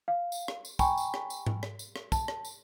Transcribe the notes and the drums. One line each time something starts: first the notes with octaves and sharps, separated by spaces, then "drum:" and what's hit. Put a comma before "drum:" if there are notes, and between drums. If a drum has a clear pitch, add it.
F5
drum: tambourine
drum: rim click
drum: tambourine
G5 G#5 A#5 B5 C#6, drum: kick, tambourine
drum: tambourine
drum: rim click
drum: tambourine
drum: tom G#2
drum: rim click
drum: tambourine
drum: rim click
A5, drum: kick, tambourine
drum: rim click
drum: tambourine